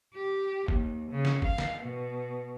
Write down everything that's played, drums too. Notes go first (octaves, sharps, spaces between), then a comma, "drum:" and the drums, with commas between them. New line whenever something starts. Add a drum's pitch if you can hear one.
G4
D#2, drum: kick
C#3
drum: snare
F5, drum: kick
drum: snare
B2